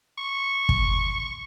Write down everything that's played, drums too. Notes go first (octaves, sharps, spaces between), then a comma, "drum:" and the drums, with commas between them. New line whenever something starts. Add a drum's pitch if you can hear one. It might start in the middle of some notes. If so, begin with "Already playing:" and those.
C#6
drum: kick